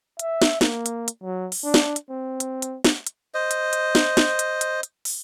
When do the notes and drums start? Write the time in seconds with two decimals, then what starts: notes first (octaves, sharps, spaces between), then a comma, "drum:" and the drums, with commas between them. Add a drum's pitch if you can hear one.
0.19 E5, drum: hi-hat
0.42 drum: snare
0.61 A#3, drum: snare
0.86 drum: hi-hat
1.08 drum: hi-hat
1.23 F#3
1.52 drum: open hi-hat
1.64 D4
1.74 drum: snare
1.96 drum: hi-hat
2.10 C4
2.40 drum: hi-hat
2.62 drum: hi-hat
2.84 drum: snare
3.07 drum: hi-hat
3.34 C5 D#5
3.51 drum: hi-hat
3.73 drum: hi-hat
3.95 drum: snare
4.17 drum: snare
4.39 drum: hi-hat
4.61 drum: hi-hat
4.83 drum: hi-hat
5.05 drum: open hi-hat